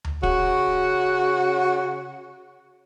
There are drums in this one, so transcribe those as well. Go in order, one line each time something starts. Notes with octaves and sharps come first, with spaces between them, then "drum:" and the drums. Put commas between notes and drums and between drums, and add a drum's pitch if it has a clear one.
drum: tom D2
C#3 F#4, drum: kick